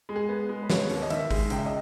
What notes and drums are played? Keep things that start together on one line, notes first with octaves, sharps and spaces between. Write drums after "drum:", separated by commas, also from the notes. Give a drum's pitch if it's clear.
G#3
G#4
B3
G#3
B4
B3 C#5, drum: snare
D#2, drum: open hi-hat
D#5
D#3 E5, drum: hi-hat
G#3, drum: kick, open hi-hat
C#2 G5, drum: hi-hat
E5
D#5